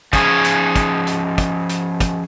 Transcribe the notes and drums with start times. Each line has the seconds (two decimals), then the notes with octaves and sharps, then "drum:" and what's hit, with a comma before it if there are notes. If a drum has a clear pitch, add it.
0.13 F3 C#4 G#4, drum: kick, hi-hat
0.44 drum: hi-hat
0.76 drum: kick, hi-hat
1.07 drum: hi-hat
1.38 drum: kick, hi-hat
1.69 drum: hi-hat
2.00 drum: kick, hi-hat